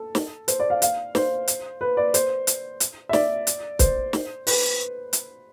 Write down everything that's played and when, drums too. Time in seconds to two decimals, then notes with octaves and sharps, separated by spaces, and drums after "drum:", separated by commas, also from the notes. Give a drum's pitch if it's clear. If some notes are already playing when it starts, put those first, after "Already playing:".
Already playing: A4
0.15 drum: snare
0.48 C5, drum: hi-hat
0.60 D5
0.70 F5
0.82 F5, drum: hi-hat
1.15 C5, drum: snare
1.48 drum: hi-hat
1.81 B4
1.97 D5
2.14 C5, drum: hi-hat
2.47 drum: hi-hat
2.80 drum: hi-hat
3.09 E5
3.13 D5, drum: snare
3.47 drum: hi-hat
3.79 C5, drum: kick, hi-hat
4.13 drum: snare
4.47 B4, drum: open hi-hat
5.13 drum: hi-hat